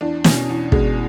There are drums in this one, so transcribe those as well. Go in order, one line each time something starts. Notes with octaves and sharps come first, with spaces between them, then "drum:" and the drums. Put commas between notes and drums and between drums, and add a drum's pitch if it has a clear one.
E2 D4
B2 C#4, drum: snare
E2
B2 G#3, drum: kick